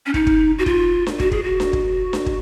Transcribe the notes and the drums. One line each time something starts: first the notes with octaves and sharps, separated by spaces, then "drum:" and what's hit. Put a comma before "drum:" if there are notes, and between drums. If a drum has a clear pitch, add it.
C#4
D#4, drum: kick
drum: kick
F#4
F4, drum: kick
drum: snare D4
F#4, drum: kick
G#4, drum: kick
F#4
drum: snare D4
drum: kick
drum: snare D4
drum: kick